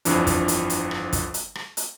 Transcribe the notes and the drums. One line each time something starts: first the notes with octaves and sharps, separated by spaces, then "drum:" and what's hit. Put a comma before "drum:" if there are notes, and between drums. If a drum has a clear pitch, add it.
G1 F2 E3 F3 D4, drum: hi-hat
drum: kick, hi-hat
drum: hi-hat
drum: hi-hat
drum: rim click
drum: kick, hi-hat
drum: hi-hat
drum: rim click
drum: hi-hat